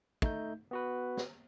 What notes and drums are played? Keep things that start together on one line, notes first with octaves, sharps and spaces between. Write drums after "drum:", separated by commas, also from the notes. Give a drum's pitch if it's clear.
A3 D#4 G6, drum: kick
B3 F#4 B4
drum: snare